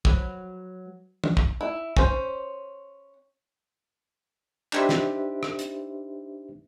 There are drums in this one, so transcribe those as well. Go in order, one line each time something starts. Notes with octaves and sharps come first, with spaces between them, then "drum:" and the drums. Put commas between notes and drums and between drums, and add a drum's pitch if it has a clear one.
F#3 B4, drum: kick
drum: tom
drum: kick
E4
C#4 C5, drum: kick
D4 D#4 G4 B4 C5 E5, drum: clap
drum: snare
drum: rim click
drum: hi-hat